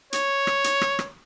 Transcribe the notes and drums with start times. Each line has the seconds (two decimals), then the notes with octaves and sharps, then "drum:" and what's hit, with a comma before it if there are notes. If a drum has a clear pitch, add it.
0.13 C#5, drum: hi-hat
0.47 drum: rim click
0.64 drum: hi-hat
0.81 drum: rim click
0.99 drum: rim click